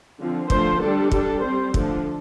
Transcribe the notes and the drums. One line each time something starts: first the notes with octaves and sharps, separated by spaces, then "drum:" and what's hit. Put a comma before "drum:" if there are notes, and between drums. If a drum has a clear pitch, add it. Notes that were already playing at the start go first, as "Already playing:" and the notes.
D3 F3 C4
D3 F3 A3 C5, drum: kick
G3 D4 A4
G3 D4, drum: kick
G3 C4 C5
D3 F3 A3 D4 A4, drum: kick